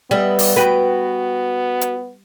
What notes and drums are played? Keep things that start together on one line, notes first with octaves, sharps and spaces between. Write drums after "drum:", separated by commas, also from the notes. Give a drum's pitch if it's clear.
G3 B3 B4 D#5 E5
drum: open hi-hat
F#4 B4 G5
drum: hi-hat